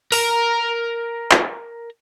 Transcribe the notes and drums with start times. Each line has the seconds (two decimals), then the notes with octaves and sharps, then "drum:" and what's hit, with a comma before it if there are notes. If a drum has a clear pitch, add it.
0.12 A#4 A#5, drum: open hi-hat
1.31 drum: clap